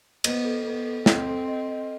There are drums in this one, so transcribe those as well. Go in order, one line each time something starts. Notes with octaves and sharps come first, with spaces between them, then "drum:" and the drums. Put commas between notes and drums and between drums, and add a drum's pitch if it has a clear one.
B3 D#5, drum: cymbal
A4
B3 A4
A4
C4 D#5, drum: snare
A4
D#5
D#5